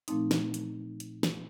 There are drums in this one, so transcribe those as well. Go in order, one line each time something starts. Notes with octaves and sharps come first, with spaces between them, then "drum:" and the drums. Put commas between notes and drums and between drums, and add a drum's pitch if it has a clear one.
A#2 F3 A3 C4 D#4, drum: hi-hat
drum: snare
drum: hi-hat
drum: hi-hat
drum: snare